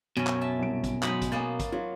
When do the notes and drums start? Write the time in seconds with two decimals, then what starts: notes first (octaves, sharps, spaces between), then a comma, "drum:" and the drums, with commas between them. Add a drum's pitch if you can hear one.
0.17 F#2 B2 C#4
0.27 drum: clap
0.41 E5 A5
0.59 C2 D7
0.84 drum: kick, hi-hat
1.03 F#3 G#3 D#4 B5, drum: clap
1.22 drum: kick, hi-hat
1.32 F#3 A#3 B3 G#5 A6
1.60 drum: kick, hi-hat
1.72 F#3 F4